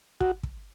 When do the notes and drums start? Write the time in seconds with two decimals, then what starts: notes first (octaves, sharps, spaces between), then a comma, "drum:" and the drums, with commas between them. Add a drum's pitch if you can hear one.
0.21 F#4, drum: kick
0.43 drum: kick